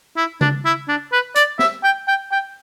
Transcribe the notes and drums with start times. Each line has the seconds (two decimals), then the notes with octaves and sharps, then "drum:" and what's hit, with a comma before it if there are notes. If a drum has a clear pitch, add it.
0.17 E4
0.41 D4, drum: tom C#3
0.65 E4
0.88 D4
1.12 B4
1.36 D5, drum: hi-hat
1.59 E5, drum: snare
1.84 G5
2.08 G5
2.32 G5